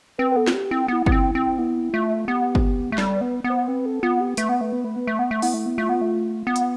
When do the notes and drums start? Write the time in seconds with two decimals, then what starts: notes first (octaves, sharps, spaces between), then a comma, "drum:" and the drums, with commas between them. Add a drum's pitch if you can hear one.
0.18 C4 B4
0.32 B4
0.36 B3 A4
0.47 F4, drum: snare
0.53 G4
0.71 C4 E4
0.88 B3 E4
1.06 B3, drum: kick G1
1.12 C4
1.35 C4
1.58 B3 E4
1.93 A3 F4
2.28 B3 G4
2.55 drum: kick G1
2.92 A3
2.98 G3 A4, drum: snare
3.16 B4
3.21 B3
3.44 B3
3.50 C5
3.67 C4 B4
3.86 A4
4.03 B3 F4
4.21 G4
4.37 A3 B4, drum: hi-hat
4.49 B3
4.60 A3 B4
4.73 B3
4.84 A3 B4
4.96 B3
5.07 A3
5.19 B3
5.31 A3
5.42 B3 E4, drum: open hi-hat
5.54 A3
5.66 B3
5.78 A3 F4
5.89 B3
6.01 A3
6.47 B3
6.56 drum: hi-hat